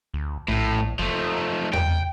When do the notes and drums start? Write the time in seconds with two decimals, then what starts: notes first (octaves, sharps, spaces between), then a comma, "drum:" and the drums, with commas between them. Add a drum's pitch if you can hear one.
0.14 D2
0.48 A#1 A2
0.99 F#1 F3 A3
1.15 D#4
1.73 G5, drum: tom E2